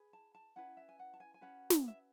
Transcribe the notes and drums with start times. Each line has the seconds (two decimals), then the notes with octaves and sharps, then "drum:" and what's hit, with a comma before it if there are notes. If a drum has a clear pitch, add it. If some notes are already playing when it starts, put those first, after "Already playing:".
Already playing: G#4 B4
0.13 A5
0.35 A5
0.56 C#4 E4 B4 F#5
0.77 E5
0.89 G#5
0.99 F#5
1.14 A5
1.20 G#5
1.34 G#5
1.41 C#4 F#4 B4 F#5
1.70 E5, drum: snare
1.88 E5